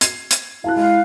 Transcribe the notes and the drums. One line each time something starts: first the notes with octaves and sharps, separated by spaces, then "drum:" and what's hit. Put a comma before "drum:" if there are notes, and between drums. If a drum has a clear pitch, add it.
G#6 C7, drum: hi-hat
drum: hi-hat
E4 F5 A5 F#6
G#3 F5